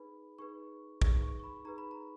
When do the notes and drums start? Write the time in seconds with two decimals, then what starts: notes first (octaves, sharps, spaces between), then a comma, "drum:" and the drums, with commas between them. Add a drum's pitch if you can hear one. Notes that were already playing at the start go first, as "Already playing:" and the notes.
Already playing: D#4 G#4 B4 B5
0.39 D#4 G#4 B4 C#6
1.02 D#4 G#4 B4 C#6, drum: kick
1.23 C#6
1.39 C#6
1.44 B5
1.65 D#4 G#4 B4 A#5
1.78 B5
1.91 A#5